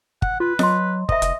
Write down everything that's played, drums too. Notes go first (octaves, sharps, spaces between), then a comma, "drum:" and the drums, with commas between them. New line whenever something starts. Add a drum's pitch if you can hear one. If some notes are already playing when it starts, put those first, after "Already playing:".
F#5, drum: kick G1
F4 B4
F#3 D#5 C6, drum: snare F4
C5 D#5 E5, drum: kick G1
F1, drum: hi-hat